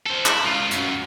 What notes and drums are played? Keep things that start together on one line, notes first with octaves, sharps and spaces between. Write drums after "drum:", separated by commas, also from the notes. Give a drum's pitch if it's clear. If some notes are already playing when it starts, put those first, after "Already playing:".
A4 C5
E4, drum: clap
C#2 F4
F#2, drum: hi-hat